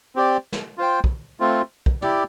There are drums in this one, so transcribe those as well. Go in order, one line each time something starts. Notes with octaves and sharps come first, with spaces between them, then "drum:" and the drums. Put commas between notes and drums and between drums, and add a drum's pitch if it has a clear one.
C4 G4 D5
drum: snare
F4 C5 G5
drum: kick
A3 C4 F4
drum: kick
E4 G4 D5, drum: tom